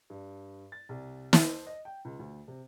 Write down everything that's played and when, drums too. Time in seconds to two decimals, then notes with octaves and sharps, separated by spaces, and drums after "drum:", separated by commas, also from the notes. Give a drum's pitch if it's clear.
0.10 G2
0.72 A6
0.89 C2
1.33 C5, drum: snare
1.67 D#5
1.85 G5
2.05 C#2
2.19 D2
2.48 C3